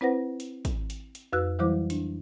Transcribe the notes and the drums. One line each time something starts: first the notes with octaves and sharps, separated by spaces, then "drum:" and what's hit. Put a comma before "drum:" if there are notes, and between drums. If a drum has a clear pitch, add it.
C4 E4 B4 C5 F#5 A#6
drum: hi-hat
drum: kick, hi-hat
drum: hi-hat
drum: hi-hat
F2 F#4 B4 E6 F#6
E3 F#3 G3 E4 C5 D6
D4, drum: hi-hat